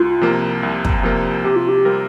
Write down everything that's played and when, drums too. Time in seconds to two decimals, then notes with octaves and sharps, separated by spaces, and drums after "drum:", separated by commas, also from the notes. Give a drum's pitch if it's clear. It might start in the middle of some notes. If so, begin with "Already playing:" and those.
Already playing: C2 F4
0.21 C3 F3 A#3
0.63 C2
0.85 drum: kick
1.03 C3 F3 A#3
1.44 C3 G4
1.56 F4
1.69 G4
1.85 G3 C4 F4 A#4